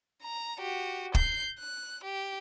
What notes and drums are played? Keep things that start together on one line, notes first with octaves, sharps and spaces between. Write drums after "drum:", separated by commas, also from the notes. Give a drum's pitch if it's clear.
A#5
F#4 G4
G6 C7, drum: kick
F#6
G4